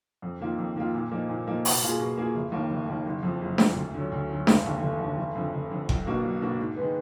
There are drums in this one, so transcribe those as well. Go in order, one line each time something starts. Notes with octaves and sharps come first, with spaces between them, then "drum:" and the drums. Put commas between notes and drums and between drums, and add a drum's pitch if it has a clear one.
F2
D#3 A#3 F4
F2
D#3 A#3 F4
A#2
F3 A#3 D#4
A#2
F3 A#3 D#4
B2, drum: open hi-hat
A#3 F4 G#4
B2
A#3 F4 G#4
F1
D#2 D#3 A#3
F1
D#2 D#3 A#3
F#1
F2 F3
F#1
F2 F3, drum: snare D4
D2
D3 F#3
D2
D3 F#3
F1, drum: snare D4
D#2 D3
F1
D#2 D3
F1
F2 D3
F1
F2 D3
B1, drum: kick G1
B2 A#3 D4 F#4
B1
B2 A#3 D4 F#4
G#2
D#3 G#3 B3